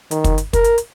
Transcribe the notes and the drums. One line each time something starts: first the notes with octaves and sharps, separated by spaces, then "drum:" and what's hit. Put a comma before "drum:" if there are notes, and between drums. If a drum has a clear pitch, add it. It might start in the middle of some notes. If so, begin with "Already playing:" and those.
D#3, drum: hi-hat
drum: kick, hi-hat
drum: hi-hat
A#4, drum: kick, hi-hat
drum: hi-hat
drum: hi-hat